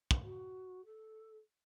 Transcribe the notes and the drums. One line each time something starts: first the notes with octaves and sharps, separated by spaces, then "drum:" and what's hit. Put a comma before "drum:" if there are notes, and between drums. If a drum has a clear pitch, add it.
drum: kick
F#4
A4